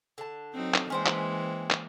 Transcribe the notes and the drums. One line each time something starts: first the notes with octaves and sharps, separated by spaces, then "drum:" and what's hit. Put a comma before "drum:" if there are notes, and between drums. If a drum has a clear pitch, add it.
D3 A5
F#3 C4 D#4
drum: clap
E3 G#3 A#3 C#4 C5 G5
drum: clap
drum: clap